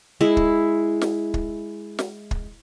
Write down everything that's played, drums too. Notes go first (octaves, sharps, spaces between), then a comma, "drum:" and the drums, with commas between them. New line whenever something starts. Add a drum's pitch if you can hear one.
G#3 E4
drum: kick
drum: snare
drum: kick
drum: snare
drum: kick